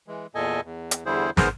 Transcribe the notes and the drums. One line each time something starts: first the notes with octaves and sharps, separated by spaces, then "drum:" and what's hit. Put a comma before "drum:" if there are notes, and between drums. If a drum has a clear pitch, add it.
E3 G#3
E2 A#2 A4 D#5 G#5
E2
drum: hi-hat
E2 D3 G3 E4 G#4 C5
G#3 B3 D#4 G#4 A#4 C5, drum: snare